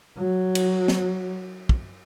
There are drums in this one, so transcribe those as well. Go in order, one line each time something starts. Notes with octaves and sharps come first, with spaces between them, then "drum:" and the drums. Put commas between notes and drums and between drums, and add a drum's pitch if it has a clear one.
F#3
drum: cymbal
drum: snare
drum: kick